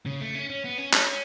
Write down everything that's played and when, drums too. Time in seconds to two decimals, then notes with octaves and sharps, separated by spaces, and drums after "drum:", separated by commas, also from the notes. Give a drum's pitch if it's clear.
0.06 C#3
0.20 A3
0.35 C#4
0.50 C#4
0.64 B3
0.78 C#4
0.93 C#4, drum: clap